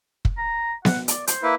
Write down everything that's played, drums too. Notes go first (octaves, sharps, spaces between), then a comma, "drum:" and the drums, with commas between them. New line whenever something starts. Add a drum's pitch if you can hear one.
drum: kick
A#5
F#5, drum: snare B3
D5, drum: hi-hat
C5, drum: hi-hat
A#3 E4 B4